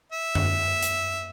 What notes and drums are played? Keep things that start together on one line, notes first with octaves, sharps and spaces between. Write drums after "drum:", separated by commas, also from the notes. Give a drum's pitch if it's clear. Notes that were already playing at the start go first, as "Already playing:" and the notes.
E5
drum: tom F#2
drum: hi-hat